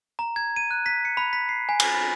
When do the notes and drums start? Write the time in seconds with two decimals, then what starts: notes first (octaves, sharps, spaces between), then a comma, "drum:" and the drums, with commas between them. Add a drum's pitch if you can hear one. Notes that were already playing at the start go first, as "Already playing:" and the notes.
0.19 A#5
0.36 G#6
0.56 D#7
0.71 F#6
0.86 B6
1.05 C#7
1.17 B5
1.33 B6
1.49 C7
1.69 G#5
1.80 drum: cymbal
1.95 B5